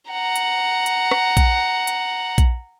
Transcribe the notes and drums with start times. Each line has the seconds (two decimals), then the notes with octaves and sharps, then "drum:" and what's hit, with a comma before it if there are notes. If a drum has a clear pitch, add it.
0.10 F#5 A#5
0.36 drum: hi-hat
0.86 drum: hi-hat
1.11 drum: rim click
1.37 drum: kick A#1, hi-hat
1.87 drum: hi-hat
2.38 drum: kick A#1, hi-hat